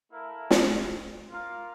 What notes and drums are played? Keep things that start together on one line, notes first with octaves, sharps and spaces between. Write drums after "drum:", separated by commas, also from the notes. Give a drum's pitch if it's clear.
A3 E4 A#4 F5
drum: snare
A#3 F4 A#4 F5